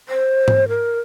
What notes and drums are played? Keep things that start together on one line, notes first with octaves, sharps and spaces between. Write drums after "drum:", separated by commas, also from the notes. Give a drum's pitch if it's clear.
C5
drum: tom G#2
A#4